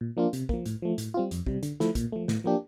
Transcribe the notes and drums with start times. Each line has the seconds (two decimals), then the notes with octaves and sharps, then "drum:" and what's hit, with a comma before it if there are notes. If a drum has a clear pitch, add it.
0.01 A#2
0.17 F3 A#3 D4 F4
0.33 C3, drum: hi-hat
0.49 F3 A#3, drum: kick
0.66 A2, drum: hi-hat
0.82 F3 A3
0.98 A2, drum: hi-hat
1.14 G3 C4 F4
1.31 F2, drum: hi-hat
1.46 C3 G3, drum: kick
1.63 D3, drum: hi-hat
1.80 F3 A3 E4, drum: snare
1.95 A#2, drum: kick, hi-hat
2.12 F3 A3
2.28 A2, drum: snare
2.44 F3 A#3 D4 G4